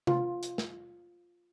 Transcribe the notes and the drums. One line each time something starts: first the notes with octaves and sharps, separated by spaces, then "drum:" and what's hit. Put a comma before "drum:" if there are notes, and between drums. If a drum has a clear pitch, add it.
F4, drum: tom C3
drum: hi-hat
drum: snare